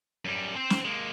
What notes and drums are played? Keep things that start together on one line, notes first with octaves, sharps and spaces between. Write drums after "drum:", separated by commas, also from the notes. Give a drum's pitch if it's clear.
F#2 G3
C4 C5
drum: snare
G#3 A#3